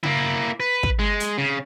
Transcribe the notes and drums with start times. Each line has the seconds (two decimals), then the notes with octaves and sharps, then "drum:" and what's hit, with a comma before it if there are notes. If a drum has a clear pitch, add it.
0.03 A#3 E4, drum: tom C#3
0.60 B4
0.83 drum: kick
0.99 G#3
1.20 drum: hi-hat
1.38 C#3